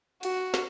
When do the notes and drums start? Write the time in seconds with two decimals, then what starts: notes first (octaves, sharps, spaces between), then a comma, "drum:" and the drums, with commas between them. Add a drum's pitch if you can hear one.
0.23 F#4, drum: cymbal
0.54 drum: snare